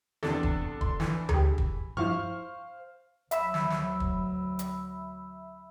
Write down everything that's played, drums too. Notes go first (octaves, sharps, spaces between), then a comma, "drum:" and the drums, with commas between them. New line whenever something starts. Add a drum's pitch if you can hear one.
E2 C3 D4 A4, drum: snare
drum: kick
C6, drum: kick
E3, drum: snare
G4 G#4, drum: tom D2
drum: kick
G2 F3 E4 C5 F5 C#6 F6
D2 F#3 E5 B5 E6, drum: hi-hat
drum: snare
drum: snare
drum: kick
drum: hi-hat